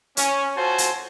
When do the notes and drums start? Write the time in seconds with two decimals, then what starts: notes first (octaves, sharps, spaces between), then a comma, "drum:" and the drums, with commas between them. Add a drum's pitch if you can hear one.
0.17 C#4, drum: hi-hat
0.57 F4 F#4 A4 C5 G#5 A5
0.78 drum: hi-hat